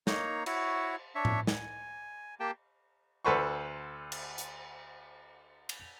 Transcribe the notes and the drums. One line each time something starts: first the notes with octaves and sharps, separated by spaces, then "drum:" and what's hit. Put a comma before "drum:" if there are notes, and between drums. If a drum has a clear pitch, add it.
A#3 D#4 C#5 A#5, drum: snare
E4 F#4 C#5, drum: cymbal
D4 C#5 E5
drum: tom A2
G#5, drum: snare
A#3 G4 G5 A5
D2 A4 B4 C5 F#5 C#6
drum: cymbal
drum: hi-hat
drum: cymbal